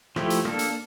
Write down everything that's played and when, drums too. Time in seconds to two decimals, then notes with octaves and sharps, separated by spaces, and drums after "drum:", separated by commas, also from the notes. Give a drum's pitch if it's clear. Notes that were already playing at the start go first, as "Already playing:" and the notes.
0.16 F3 A3 E4 G4, drum: rim click
0.30 drum: hi-hat
0.45 A#3 D4 A4, drum: rim click
0.59 drum: hi-hat